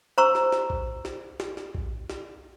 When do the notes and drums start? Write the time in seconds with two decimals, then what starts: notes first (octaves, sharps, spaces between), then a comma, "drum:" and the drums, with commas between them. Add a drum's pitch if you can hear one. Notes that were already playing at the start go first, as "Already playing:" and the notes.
0.18 C5 A#5 C#6 E6
0.35 drum: snare
0.52 drum: snare
0.70 drum: kick A#1
1.05 drum: snare
1.40 drum: snare
1.57 drum: snare
1.75 drum: kick A#1
2.10 drum: snare